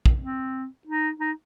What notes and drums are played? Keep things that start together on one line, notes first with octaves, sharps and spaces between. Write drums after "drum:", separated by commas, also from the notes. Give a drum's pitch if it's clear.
drum: kick
C4
D#4
D#4